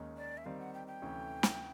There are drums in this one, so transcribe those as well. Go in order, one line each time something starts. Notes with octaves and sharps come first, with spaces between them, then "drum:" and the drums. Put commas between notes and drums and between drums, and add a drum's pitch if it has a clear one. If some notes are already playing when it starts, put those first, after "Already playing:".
Already playing: D#2 D#3 G#3 C#4
D5
E5
D#3 G3 C4 F5
F#5
G5
G5
D2 C3 E3 A3 C#4
drum: snare